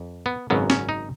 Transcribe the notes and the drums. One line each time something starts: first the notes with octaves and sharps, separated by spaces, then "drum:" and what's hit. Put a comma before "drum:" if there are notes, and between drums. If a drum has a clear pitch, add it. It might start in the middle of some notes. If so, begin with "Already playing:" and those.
Already playing: F2
B3
G#1 F#2 C#3 F#3 B3
C#4, drum: snare
D#4